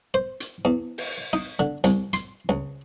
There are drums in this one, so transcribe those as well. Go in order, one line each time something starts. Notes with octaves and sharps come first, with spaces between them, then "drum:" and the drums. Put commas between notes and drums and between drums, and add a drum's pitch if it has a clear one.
C5
drum: hi-hat
E2
drum: open hi-hat
D#4
D3
C2, drum: hi-hat
C6, drum: hi-hat
C#2